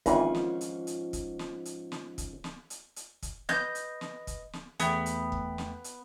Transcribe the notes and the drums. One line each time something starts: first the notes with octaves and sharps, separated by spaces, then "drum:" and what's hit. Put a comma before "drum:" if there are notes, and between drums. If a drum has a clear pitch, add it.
G#1 G#2 E3 F3 C#4 F4 C6, drum: kick, hi-hat
drum: snare
drum: hi-hat
drum: hi-hat
drum: kick, hi-hat
drum: snare
drum: hi-hat
drum: snare
drum: kick, hi-hat
drum: snare
drum: hi-hat
drum: hi-hat
drum: kick, hi-hat
B4 D#5 G6, drum: snare
drum: hi-hat
drum: snare
drum: kick, hi-hat
drum: snare
E2 A3 B3 G5, drum: hi-hat
drum: hi-hat
drum: kick
drum: snare
drum: hi-hat